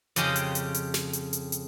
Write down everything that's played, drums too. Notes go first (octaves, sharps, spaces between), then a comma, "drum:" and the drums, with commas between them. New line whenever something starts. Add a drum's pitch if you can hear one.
F2 C#3 C#4 G4 D#5 C6, drum: hi-hat
drum: hi-hat
drum: hi-hat
drum: hi-hat
drum: snare
drum: hi-hat
drum: hi-hat
drum: hi-hat